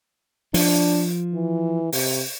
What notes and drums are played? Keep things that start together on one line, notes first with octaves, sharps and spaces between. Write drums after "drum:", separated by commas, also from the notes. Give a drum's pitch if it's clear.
F3 D4, drum: open hi-hat
E3
C3, drum: open hi-hat